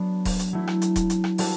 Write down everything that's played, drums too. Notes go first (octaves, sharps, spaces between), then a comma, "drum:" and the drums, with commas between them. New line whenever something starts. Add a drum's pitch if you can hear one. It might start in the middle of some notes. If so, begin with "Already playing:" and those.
Already playing: F#3 B3 D4
drum: kick D#1, open hi-hat
drum: hi-hat
F#3 A3 E4
drum: rim click
drum: hi-hat
drum: kick D#1, hi-hat
drum: hi-hat
drum: rim click
G3 D4 F#4 A4, drum: open hi-hat